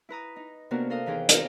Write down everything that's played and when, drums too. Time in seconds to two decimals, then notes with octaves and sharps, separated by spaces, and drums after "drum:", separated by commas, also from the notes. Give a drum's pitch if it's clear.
0.09 E4 B4 A#5 D#6
0.36 D#4
0.71 C3 A#3 B3 D4 F#4 A#4
0.90 A4 A#4 F5 D#6
1.06 D#2 E3 D#4 G#4 C5 G5
1.29 C4 D#4 F4 A#4, drum: hi-hat